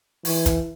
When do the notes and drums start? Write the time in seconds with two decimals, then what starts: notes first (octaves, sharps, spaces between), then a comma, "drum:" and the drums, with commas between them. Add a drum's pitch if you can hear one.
0.25 E3, drum: open hi-hat
0.46 drum: kick, hi-hat